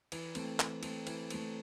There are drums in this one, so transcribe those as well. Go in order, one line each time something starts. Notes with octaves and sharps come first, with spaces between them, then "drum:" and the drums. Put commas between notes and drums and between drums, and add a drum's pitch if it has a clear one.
E3, drum: cymbal
A3 C4, drum: cymbal
E3, drum: clap
A3 C4, drum: cymbal
E3, drum: cymbal
A3 C4, drum: cymbal